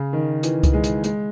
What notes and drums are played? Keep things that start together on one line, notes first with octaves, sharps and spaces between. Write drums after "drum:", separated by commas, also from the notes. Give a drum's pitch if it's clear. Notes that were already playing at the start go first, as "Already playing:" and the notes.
Already playing: C#3
D#3
E3, drum: hi-hat
drum: kick C2, hi-hat
G#3
drum: hi-hat
G#3, drum: hi-hat